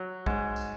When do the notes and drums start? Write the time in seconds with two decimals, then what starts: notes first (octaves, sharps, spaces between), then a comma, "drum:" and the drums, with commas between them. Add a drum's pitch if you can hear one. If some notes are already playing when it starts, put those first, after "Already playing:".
Already playing: F#3
0.26 G#2, drum: kick
0.56 drum: tambourine